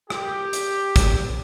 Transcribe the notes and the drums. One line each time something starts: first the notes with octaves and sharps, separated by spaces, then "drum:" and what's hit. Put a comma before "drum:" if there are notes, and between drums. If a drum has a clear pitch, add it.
G4, drum: rim click
drum: hi-hat
drum: kick, hi-hat